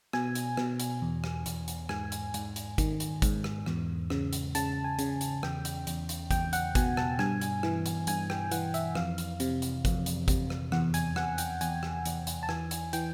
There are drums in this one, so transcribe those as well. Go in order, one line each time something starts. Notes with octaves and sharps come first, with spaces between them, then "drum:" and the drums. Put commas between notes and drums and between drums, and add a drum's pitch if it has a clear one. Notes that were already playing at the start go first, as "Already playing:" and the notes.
B2 G#5, drum: rim click
drum: hi-hat
B2, drum: rim click
drum: hi-hat
E2
drum: rim click
E2, drum: hi-hat
drum: hi-hat
G#2 G#5, drum: rim click
drum: hi-hat
G#2, drum: hi-hat
drum: hi-hat
D#3, drum: kick, hi-hat
drum: hi-hat
G#2, drum: kick, hi-hat
drum: rim click
E2, drum: rim click
C#3, drum: rim click
drum: hi-hat
C#3 A5, drum: hi-hat
G#5
C#3, drum: hi-hat
drum: hi-hat
E2 G5, drum: rim click
drum: hi-hat
E2, drum: hi-hat
drum: hi-hat
E2 G5, drum: kick, hi-hat
F#5, drum: hi-hat
B2 G#5, drum: kick, hi-hat
A5, drum: rim click
G2 G#5, drum: rim click
drum: hi-hat
E3, drum: rim click
drum: hi-hat
G2 G#5, drum: hi-hat
G5, drum: rim click
E3 F#5, drum: hi-hat
E5, drum: hi-hat
F2 F5, drum: rim click
drum: hi-hat
C3, drum: hi-hat
drum: hi-hat
F2, drum: kick, hi-hat
drum: hi-hat
C3, drum: kick, hi-hat
drum: rim click
E2 F#5, drum: rim click
G#5, drum: hi-hat
E2 F#5, drum: rim click
G5, drum: hi-hat
E2 G#5, drum: hi-hat
drum: rim click
E2, drum: hi-hat
drum: hi-hat
A5
E3 G#5, drum: rim click
drum: hi-hat
E3 G5, drum: hi-hat